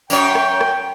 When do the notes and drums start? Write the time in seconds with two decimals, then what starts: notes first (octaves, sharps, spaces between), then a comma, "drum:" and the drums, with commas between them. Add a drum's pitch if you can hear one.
0.10 F#2 C#5 G5, drum: tambourine
0.35 drum: rim click
0.61 drum: rim click